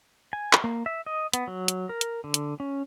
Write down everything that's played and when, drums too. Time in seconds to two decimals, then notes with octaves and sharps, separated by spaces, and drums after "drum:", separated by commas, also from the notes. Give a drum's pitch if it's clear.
0.33 G#5
0.53 drum: clap
0.64 A#3
0.86 E5
1.06 D#5
1.33 B3, drum: hi-hat
1.47 F#3
1.68 drum: hi-hat
1.89 A#4
2.01 drum: hi-hat
2.24 D3
2.34 drum: hi-hat
2.60 C#4